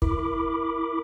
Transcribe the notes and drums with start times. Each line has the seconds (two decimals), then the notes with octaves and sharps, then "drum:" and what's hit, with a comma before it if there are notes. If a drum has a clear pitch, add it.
0.02 E4 A#4 B5 D6, drum: kick